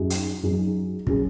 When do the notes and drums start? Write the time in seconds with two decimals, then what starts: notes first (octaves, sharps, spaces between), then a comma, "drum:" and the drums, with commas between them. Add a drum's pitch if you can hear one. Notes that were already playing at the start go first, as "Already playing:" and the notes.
Already playing: F#2 F#3 D#4 G#4
0.10 drum: hi-hat
0.43 F#2 F#3 D#4 G#4
1.07 F#3 C#4 G#4, drum: kick